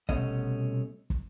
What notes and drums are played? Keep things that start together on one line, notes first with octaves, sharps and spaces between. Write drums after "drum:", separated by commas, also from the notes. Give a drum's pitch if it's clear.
C2 G#2 B2 A3 C#4 D#5, drum: kick
drum: kick